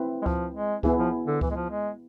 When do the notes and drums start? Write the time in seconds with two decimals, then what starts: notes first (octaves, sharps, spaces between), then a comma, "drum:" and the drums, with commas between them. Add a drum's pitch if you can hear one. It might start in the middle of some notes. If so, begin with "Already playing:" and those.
Already playing: C4 E4 B4
0.22 G#3
0.26 F3, drum: kick C#2
0.55 G#3
0.83 E3 B3 E4 G#4, drum: kick C#2
0.99 F3
1.27 D3
1.41 E3, drum: kick C#2
1.51 G#3
1.55 F3
1.70 G#3